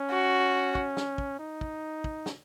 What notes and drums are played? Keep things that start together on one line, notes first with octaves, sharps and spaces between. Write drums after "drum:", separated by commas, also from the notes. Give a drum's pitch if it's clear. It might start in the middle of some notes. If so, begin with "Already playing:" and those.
Already playing: C#4
F#4
drum: kick
drum: snare
drum: kick
D#4
drum: kick
drum: kick
drum: snare